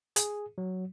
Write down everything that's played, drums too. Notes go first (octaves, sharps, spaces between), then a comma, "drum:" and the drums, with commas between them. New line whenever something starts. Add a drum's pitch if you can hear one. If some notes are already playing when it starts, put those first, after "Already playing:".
G#4, drum: hi-hat
F#3